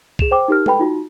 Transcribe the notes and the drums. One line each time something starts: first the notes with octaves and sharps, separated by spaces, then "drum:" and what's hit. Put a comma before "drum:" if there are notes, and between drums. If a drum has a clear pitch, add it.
G#4 E7 F7, drum: kick
C5 G5 D6
D#4 G4 A#4 F6
A4 B4 G5 B5, drum: tom
D#4 F4 F#4